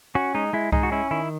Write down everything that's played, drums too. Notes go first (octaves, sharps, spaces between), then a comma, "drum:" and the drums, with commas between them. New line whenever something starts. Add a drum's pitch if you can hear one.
C#4 F#4
G#3 D#4
G#3 E4
G#3 D#4, drum: kick C2
F#4
C#4 E4
D#3 E4